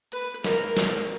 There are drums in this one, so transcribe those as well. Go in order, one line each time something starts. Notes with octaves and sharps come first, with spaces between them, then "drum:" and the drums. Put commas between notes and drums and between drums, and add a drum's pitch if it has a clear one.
B4, drum: hi-hat
A#4, drum: snare
drum: snare